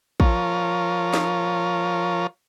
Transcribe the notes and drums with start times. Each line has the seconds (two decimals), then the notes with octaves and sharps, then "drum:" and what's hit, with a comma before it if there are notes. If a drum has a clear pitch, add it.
0.20 F3 F4 A#4 C#5, drum: kick A1
1.14 drum: snare